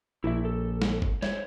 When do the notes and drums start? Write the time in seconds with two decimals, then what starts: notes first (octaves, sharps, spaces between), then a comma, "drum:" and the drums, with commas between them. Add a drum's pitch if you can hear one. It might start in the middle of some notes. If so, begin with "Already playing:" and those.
0.24 A#1 E4 E5
0.45 A4
0.82 drum: snare
1.02 drum: kick
1.23 C5 C#5 E5, drum: snare